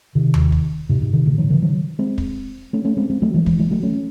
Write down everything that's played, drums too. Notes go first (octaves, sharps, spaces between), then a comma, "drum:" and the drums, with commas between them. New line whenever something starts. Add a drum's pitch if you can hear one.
C3 D#3
drum: tom D#2
drum: kick
G#2 C3
G#2 C3
C3 D#3
A2 C#3
D#3 F#3
C#3 E3
D#3 F#3
G#3 C4
drum: kick
A3 C#4
A3 C#4
G#3 C4
G#3 C4
F#3 A3
E3 G#3
E3 G#3, drum: kick
E3 G#3
F#3 A3
A3 C#4